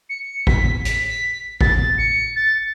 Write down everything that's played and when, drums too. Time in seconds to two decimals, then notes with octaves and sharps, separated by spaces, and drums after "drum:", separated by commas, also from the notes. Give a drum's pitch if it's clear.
0.09 C#7
0.47 B6, drum: kick G#1
0.85 B6, drum: hi-hat
1.61 A6, drum: kick G#1
1.98 C#7
2.36 A6